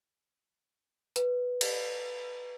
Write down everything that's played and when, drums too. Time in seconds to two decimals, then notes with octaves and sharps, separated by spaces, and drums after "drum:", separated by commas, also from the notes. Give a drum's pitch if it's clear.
1.16 B4, drum: hi-hat
1.61 drum: cymbal